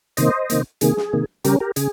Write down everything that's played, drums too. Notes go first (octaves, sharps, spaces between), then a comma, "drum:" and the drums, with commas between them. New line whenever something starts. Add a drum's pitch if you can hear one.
C3 D#3 A#3 C5 D#5, drum: hi-hat
C3 D#3 A#3, drum: hi-hat
C3 D#3 A#3 G#4, drum: hi-hat
drum: snare
C3 D#3 A#3
C#3 G3 C#4 G4 A#4, drum: hi-hat
G4 A#4
C#3 G#4, drum: hi-hat